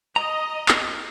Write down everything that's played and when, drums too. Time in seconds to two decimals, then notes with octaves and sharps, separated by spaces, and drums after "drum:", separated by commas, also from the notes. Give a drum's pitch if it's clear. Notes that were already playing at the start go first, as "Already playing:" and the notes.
0.16 D#5 A#5
0.69 drum: clap